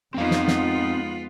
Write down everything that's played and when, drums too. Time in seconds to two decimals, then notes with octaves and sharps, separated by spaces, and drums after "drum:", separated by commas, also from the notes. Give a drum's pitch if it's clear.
0.14 F2 G#3 B3 C4 D#4 F4 F5
0.31 drum: snare
0.48 drum: snare